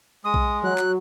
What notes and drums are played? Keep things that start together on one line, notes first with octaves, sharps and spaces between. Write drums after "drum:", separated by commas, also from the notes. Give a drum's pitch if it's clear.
G#3 D#6
drum: kick B1
F#3 F#6
drum: clap